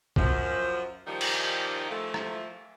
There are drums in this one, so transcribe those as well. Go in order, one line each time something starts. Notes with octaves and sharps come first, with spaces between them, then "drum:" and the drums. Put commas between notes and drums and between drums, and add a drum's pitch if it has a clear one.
F#2 F3, drum: kick
D#3 F3 G3 A#3 D#4
drum: cymbal
F3 A3
drum: rim click